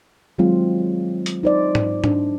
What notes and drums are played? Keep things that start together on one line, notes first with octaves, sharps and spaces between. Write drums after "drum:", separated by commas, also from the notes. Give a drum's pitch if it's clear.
D#3 F#3 G#3 C4 F4
drum: hi-hat
D#4 C5 D5
drum: tom G#2
D4, drum: tom G#2